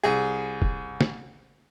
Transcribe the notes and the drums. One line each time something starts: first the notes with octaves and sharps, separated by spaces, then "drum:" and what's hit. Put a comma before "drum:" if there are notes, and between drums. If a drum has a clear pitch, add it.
C2 G#4
drum: kick
drum: snare